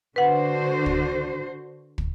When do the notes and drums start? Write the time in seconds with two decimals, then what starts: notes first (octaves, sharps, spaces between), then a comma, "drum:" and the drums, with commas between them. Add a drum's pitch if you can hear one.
0.16 D3 F#4 B4 C5 F#5
0.86 drum: kick
1.98 drum: kick